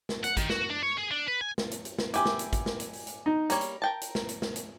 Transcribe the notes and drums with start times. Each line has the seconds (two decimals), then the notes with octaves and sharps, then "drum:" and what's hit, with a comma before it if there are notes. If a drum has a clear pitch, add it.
0.09 drum: snare
0.24 F#5, drum: hi-hat
0.37 D#3, drum: kick, hi-hat
0.50 F#4, drum: snare
0.70 D4
0.83 C#5
0.97 G#4
1.11 D4
1.28 B4
1.41 G#5
1.58 drum: snare
1.71 drum: hi-hat
1.85 drum: hi-hat
1.99 drum: snare
2.14 E4 G4 G#5 D6, drum: hi-hat
2.26 drum: snare
2.39 drum: hi-hat
2.53 drum: kick, hi-hat
2.66 drum: snare
2.80 drum: hi-hat
2.93 drum: open hi-hat
3.07 drum: hi-hat
3.26 D#4
3.50 G3 A#3 C#5 A#5, drum: hi-hat
3.61 drum: hi-hat
3.82 A#4 G5 A5
4.02 drum: hi-hat
4.15 drum: snare
4.29 drum: hi-hat
4.42 drum: snare
4.56 drum: hi-hat